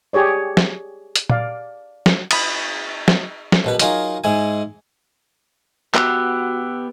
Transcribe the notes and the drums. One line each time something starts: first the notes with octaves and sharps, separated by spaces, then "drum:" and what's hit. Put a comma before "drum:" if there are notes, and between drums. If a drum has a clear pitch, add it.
G4 G#4 C#5 D5
drum: snare
drum: hi-hat
D5 F5, drum: tom A#2
drum: snare
B5 D#6, drum: cymbal
drum: snare
drum: snare
A#1 B2 B4
F#3 D#4 F4 G#4 A#4, drum: hi-hat
G#2 G#3 E4 G#5
B3 F#4 G4 E6 F#6, drum: clap